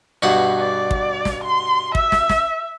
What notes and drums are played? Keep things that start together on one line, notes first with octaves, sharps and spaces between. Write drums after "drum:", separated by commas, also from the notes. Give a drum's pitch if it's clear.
G2 B2 F#5
D5
drum: kick
drum: snare
C6
E5, drum: kick
drum: snare
drum: snare